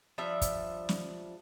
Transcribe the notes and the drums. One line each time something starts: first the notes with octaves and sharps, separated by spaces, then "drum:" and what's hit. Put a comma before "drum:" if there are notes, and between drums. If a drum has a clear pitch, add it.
F3 G3 D4 E5
drum: kick, hi-hat
drum: snare